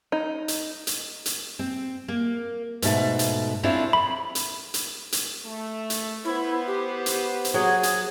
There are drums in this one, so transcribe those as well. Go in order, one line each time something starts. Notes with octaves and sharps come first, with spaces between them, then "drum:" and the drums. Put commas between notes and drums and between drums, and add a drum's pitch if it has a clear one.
D#4
drum: hi-hat
drum: hi-hat
drum: hi-hat
C4
A#3
G#2 B2 A3, drum: hi-hat
drum: hi-hat
C4 D4 E4 F4 A4 C#5
B5
drum: hi-hat
drum: hi-hat
drum: hi-hat
A3
drum: hi-hat
B3 E4 C5
G4
drum: hi-hat
drum: hi-hat
F#3 G#4
drum: hi-hat